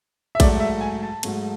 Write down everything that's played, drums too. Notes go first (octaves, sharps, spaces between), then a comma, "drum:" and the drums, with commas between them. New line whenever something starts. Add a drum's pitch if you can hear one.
E5
G#2 F#3 A3 D5, drum: kick A#1, cymbal
E5
G#5
A5
G#2 F#3 A3, drum: cymbal